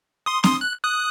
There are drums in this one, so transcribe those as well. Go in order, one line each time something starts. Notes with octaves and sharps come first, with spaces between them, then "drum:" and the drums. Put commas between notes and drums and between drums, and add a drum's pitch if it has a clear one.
C6 D#6
C6 D#6, drum: snare C4
F#6
D#6 F#6